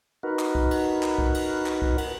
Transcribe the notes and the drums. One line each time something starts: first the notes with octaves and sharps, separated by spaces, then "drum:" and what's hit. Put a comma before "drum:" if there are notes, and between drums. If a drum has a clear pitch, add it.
D#4 F#4 A#4 B4
drum: clap
drum: kick C2
drum: cymbal
drum: clap
drum: kick C2
drum: cymbal
drum: clap
drum: kick C2
drum: cymbal